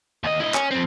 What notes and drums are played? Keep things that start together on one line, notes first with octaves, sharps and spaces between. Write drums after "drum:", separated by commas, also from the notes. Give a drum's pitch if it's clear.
D#2 D#5
E4 D#5
C#4, drum: clap
F2 C4